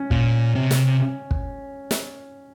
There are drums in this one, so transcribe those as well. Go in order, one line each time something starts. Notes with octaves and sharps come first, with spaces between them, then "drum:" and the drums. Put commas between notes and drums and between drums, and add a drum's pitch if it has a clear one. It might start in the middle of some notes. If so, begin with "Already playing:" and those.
Already playing: C#4
A#2, drum: kick
C3
drum: snare
drum: kick
drum: snare